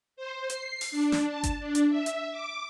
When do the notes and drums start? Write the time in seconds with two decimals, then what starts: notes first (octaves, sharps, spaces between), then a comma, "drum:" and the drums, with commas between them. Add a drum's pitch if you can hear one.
0.17 C5
0.50 C7, drum: hi-hat
0.81 drum: open hi-hat
0.91 D4
1.12 drum: snare
1.28 A5
1.43 drum: kick G1, hi-hat
1.60 D4
1.75 drum: hi-hat
1.89 E5
2.06 drum: hi-hat
2.31 D6